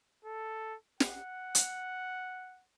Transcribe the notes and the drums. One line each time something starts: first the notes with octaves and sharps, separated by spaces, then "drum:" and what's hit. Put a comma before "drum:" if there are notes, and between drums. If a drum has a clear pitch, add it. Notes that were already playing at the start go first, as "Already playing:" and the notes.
A4
F#5, drum: snare
drum: hi-hat